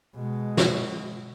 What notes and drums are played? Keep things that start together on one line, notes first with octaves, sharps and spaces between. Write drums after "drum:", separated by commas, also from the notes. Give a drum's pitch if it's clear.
B2 G#3
drum: snare